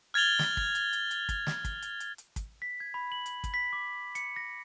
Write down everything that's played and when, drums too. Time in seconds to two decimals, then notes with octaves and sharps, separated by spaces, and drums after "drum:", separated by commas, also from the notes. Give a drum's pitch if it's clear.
0.14 F6 G#6 A6 F7 G7
0.39 drum: snare
0.57 drum: kick
0.75 drum: hi-hat
0.93 drum: hi-hat
1.11 drum: hi-hat
1.29 drum: kick, hi-hat
1.47 drum: snare
1.64 drum: kick, hi-hat
1.82 drum: hi-hat
2.00 drum: hi-hat
2.18 drum: hi-hat
2.36 drum: kick, hi-hat
2.62 B6
2.80 G#6
2.94 B5
3.12 F#7
3.26 drum: hi-hat
3.44 drum: kick, hi-hat
3.54 B6
3.73 D6
4.15 C#7, drum: hi-hat
4.36 A#6